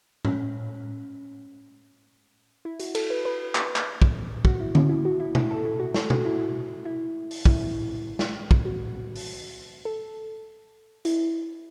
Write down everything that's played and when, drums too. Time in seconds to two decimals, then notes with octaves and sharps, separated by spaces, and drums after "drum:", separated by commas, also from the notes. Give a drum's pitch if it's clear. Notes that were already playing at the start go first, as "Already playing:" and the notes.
0.25 C#4, drum: tom A2
2.65 E4
2.80 F#4, drum: hi-hat
2.95 A4, drum: cymbal
3.10 B4
3.25 B4
3.55 drum: clap
3.76 drum: clap
4.02 drum: kick
4.45 F#4, drum: kick
4.60 E4
4.75 C#4, drum: tom D3
4.89 E4
5.05 F#4
5.20 E4
5.35 E4, drum: tom B2
5.50 A4
5.65 E4
5.80 F#4
5.94 A4, drum: snare
6.10 F#4, drum: tom B2
6.25 E4
6.85 E4
7.31 drum: open hi-hat
7.45 E4, drum: kick
8.19 drum: snare
8.51 drum: kick
8.65 F#4
9.16 drum: open hi-hat
9.85 A4
11.05 E4, drum: hi-hat